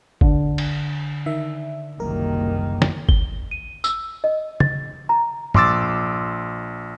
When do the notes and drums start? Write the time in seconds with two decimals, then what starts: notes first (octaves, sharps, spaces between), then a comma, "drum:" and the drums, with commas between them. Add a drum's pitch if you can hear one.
0.21 D3, drum: kick G1
0.58 drum: cymbal
1.26 D#3 E5
2.00 F#1 C2 F#2 D#3 A#3 A#4
2.82 drum: snare
3.09 G7, drum: kick G1
3.51 D#7
3.84 E6, drum: tambourine
4.24 D#5
4.60 A6, drum: tom
5.09 A#5
5.54 A#1 C6 D6 E6 A6, drum: tom